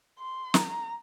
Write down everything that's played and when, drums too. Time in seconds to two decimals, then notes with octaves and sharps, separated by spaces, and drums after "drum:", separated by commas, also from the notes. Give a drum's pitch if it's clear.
0.19 C6
0.54 A#5, drum: snare